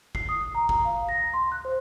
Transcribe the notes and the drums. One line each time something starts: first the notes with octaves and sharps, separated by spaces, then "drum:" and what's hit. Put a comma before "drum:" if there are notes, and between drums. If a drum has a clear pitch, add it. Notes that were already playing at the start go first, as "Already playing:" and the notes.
C7, drum: kick
D#6
A#5
A#5, drum: kick
F5
A#6
C6
F#6
C5